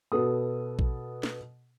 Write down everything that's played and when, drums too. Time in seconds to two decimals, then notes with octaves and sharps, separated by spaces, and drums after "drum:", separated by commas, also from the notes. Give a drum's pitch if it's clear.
0.12 B2 B3 A4 D#6
0.79 drum: kick A#1
1.23 drum: snare